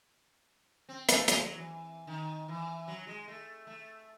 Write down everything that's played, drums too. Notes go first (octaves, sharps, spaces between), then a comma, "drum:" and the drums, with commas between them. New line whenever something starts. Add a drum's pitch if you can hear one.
C4
A3, drum: hi-hat
G#3, drum: hi-hat
F#3
E3
D#3
E3
F#3
G#3
A3
A3